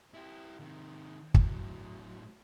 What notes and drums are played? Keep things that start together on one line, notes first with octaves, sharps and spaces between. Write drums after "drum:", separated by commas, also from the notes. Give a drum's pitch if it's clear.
E4 G4
C3 D#3
A2 F#3, drum: kick